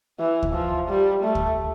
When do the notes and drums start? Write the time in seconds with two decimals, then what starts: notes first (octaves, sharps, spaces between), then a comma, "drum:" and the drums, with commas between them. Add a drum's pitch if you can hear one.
0.19 E3
0.43 drum: kick D2
0.54 F3
0.89 G3
1.24 A3
1.35 drum: kick D2